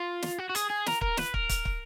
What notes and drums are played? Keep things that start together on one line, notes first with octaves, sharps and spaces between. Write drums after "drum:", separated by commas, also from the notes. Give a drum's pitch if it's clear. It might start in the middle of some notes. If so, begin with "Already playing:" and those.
Already playing: F4
drum: snare
F#4
F#4
G#4, drum: hi-hat
G#4
A#4, drum: snare
A#4, drum: kick
B4, drum: snare
A#4, drum: kick
drum: kick, hi-hat
drum: kick